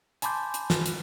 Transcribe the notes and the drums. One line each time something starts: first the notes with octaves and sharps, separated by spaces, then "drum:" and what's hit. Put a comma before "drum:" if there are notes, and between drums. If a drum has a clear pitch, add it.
G#5 A5 B5 C6 D6 G6, drum: hi-hat
drum: hi-hat
drum: snare
drum: hi-hat